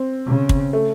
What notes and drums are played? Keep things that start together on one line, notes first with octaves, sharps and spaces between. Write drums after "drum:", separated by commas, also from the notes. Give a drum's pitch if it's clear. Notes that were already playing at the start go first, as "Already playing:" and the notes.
Already playing: C4
C#3
drum: kick
A3